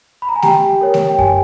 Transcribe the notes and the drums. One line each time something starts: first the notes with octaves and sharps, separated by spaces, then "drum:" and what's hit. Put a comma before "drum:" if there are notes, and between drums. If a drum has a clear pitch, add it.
B5
A#5
G#5
G4 G5, drum: snare A3
A#4 C#5
drum: snare A3
G5
G4 G#5, drum: kick F#2